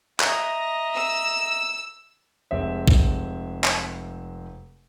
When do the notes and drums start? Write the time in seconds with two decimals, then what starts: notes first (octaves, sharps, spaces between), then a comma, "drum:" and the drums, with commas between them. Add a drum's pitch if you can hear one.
0.20 D#5 E5 A#5, drum: clap
0.96 E6
2.51 F1 G#3 C4 E5
2.88 drum: kick A#1
3.64 drum: clap